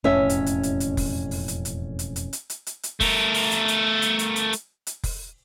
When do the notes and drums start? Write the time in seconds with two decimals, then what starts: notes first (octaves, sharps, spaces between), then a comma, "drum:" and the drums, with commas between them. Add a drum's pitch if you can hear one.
0.04 E1 F2 A2 C#4 E5
0.30 drum: hi-hat
0.46 drum: hi-hat
0.63 drum: hi-hat
0.80 drum: hi-hat
0.97 drum: kick F1, open hi-hat
1.31 drum: open hi-hat
1.48 drum: hi-hat
1.65 drum: hi-hat
1.99 drum: hi-hat
2.16 drum: hi-hat
2.33 drum: hi-hat
2.50 drum: hi-hat
2.67 drum: hi-hat
2.83 drum: hi-hat
3.00 A3 A#4, drum: kick F1, open hi-hat
3.34 drum: open hi-hat
3.51 drum: hi-hat
3.68 drum: hi-hat
4.02 drum: hi-hat
4.19 drum: hi-hat
4.36 drum: hi-hat
4.53 drum: hi-hat
4.87 drum: hi-hat
5.04 drum: kick F1, open hi-hat